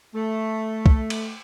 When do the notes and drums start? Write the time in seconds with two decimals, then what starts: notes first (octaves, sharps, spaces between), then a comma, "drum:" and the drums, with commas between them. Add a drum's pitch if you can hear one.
0.14 A3
0.86 drum: kick
1.10 drum: cymbal